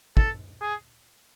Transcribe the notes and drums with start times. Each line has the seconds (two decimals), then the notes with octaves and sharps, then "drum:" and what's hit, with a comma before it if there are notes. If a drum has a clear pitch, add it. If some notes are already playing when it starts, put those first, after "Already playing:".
0.17 A4, drum: kick
0.61 G#4